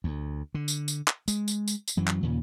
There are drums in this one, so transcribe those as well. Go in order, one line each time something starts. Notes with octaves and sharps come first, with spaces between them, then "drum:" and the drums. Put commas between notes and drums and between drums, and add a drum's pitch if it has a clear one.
D2
D3
drum: tambourine
drum: tambourine
drum: clap
G#3, drum: tambourine
drum: tambourine
drum: tambourine
drum: tambourine
F#2 E3 F#3
drum: clap
D#2 A#2 C#3